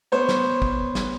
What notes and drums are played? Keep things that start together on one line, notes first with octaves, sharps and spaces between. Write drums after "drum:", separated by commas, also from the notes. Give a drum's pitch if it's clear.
B3 C5 C#5
drum: snare
drum: kick
drum: snare